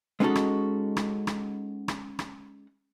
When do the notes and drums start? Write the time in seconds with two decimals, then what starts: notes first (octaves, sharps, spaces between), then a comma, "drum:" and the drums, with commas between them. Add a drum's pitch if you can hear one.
0.20 G#3 B3 C#4 D#4 F#4 A4
0.35 drum: rim click
0.97 drum: rim click
1.27 drum: rim click
1.88 drum: rim click
2.19 drum: rim click